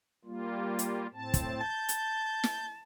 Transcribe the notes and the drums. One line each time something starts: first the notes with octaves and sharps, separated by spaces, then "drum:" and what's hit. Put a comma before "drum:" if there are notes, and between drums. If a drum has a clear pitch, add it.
G3 A#3 F4
drum: hi-hat
A2 C4 A5
drum: kick, hi-hat
A5 G6
drum: hi-hat
drum: snare